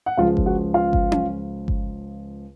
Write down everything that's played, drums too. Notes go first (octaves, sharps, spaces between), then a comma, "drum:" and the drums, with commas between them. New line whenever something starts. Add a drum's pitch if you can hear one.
F#5
C#2 C#3 F3 F4 F5
drum: kick G1
F#4 F#5
F4 F5
drum: kick G1
drum: tom C#4
drum: kick G1